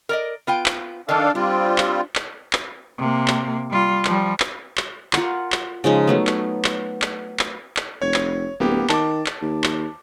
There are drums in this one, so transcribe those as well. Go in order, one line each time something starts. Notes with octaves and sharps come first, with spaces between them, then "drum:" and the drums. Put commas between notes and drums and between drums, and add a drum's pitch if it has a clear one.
A#4 D5 D#5
B3 F4 G5
drum: clap
F#2 D#3 D4 A4 F5
G3 C4 D4 F4
drum: clap
drum: clap
drum: clap
C3 A#3
drum: clap
G3 F4
F3 G3, drum: clap
drum: clap
drum: clap
F4 A#4 F#5, drum: clap
drum: clap
C#3 F3 G#3 D#4
F#3 A3 B3
drum: clap
drum: clap
drum: clap
drum: clap
drum: clap
F1 C#5 G#6
drum: clap
D1 A#3 B3 G4
D#3 A5 D6, drum: clap
drum: clap
D#2
drum: clap